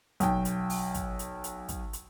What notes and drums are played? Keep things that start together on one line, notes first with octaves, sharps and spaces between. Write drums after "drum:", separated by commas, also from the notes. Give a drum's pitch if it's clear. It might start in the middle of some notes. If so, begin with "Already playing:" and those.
B1 G5, drum: kick, hi-hat
drum: hi-hat
drum: open hi-hat
drum: kick, hi-hat
drum: hi-hat
drum: hi-hat
drum: kick, hi-hat
drum: hi-hat